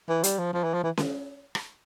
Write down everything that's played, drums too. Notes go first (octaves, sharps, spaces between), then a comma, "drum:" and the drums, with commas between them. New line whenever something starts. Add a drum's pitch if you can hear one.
E3
G3, drum: hi-hat
F3
F3
E3
F3
E3
drum: snare C#4
drum: rim click